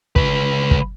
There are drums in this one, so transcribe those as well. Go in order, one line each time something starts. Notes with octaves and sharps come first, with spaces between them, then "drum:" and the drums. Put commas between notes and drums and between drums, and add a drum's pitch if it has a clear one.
C#2 B4, drum: kick
drum: kick